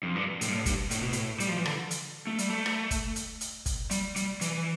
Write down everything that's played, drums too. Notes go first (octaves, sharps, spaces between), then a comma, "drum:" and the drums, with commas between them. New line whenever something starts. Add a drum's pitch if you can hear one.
F2
G2
A2, drum: hi-hat
G2
A2
G2, drum: kick, hi-hat
A2, drum: hi-hat
B2
A2, drum: hi-hat
G3, drum: hi-hat
F3
E3
D3, drum: rim click
drum: hi-hat
A3
G3, drum: hi-hat
A3
drum: rim click
drum: kick, hi-hat
drum: hi-hat
drum: hi-hat
drum: kick, hi-hat
G3, drum: hi-hat
G3, drum: hi-hat
E3, drum: hi-hat